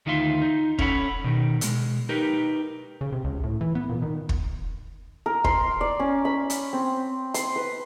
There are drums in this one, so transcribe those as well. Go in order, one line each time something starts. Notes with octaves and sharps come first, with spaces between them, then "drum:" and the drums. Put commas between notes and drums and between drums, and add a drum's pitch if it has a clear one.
D2 D#3 D#4 F4 E5 C6
D#4
C#4 E4 A4 C#5 F#5 B5, drum: kick
B2 D#3
B2 G#3, drum: hi-hat
D#4 G4 A#4 B4
C#3
C3
C#2
A2
E3
B3
A#2
D#3
drum: kick
A#4
C6, drum: kick
D5
C#4
B5
drum: hi-hat
C4
C6, drum: hi-hat
B4